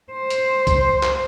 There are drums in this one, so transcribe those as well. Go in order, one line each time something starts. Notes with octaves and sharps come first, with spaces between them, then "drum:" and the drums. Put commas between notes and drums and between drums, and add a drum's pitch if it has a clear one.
C5
drum: hi-hat
drum: kick C2, hi-hat
drum: clap